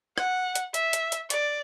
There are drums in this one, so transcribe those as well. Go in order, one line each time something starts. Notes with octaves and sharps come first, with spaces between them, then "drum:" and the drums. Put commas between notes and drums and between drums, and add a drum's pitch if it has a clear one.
F#5, drum: rim click
drum: hi-hat
E5, drum: hi-hat
drum: hi-hat
drum: hi-hat
D5, drum: hi-hat